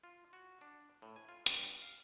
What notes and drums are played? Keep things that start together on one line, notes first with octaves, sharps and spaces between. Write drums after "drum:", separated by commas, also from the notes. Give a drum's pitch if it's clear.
F4
F#4
D4
A2
G#5
F4
G2, drum: hi-hat
F5